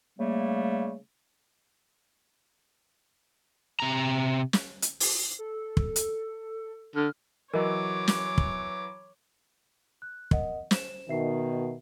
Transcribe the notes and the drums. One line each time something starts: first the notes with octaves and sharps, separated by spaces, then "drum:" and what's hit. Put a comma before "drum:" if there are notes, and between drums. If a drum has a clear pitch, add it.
C#3 G3 A3 A#3
C3 A#5
drum: snare
drum: hi-hat
drum: open hi-hat
A4
drum: kick
drum: hi-hat
D3 F6
E3 F#3 A#4 C#5 D#5 D6
drum: snare
drum: kick
F#6
A#4 D#5 F#5, drum: kick
C5 E7, drum: snare
B2 D#3 E5 C7